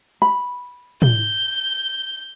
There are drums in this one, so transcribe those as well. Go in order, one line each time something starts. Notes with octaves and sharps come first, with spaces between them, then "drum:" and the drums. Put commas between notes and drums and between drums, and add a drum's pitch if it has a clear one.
B5
G6, drum: tom